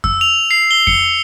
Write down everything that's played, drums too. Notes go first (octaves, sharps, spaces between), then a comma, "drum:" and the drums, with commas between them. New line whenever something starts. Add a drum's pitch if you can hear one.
E6, drum: kick F2
F7
C7
G7
C#7, drum: kick F2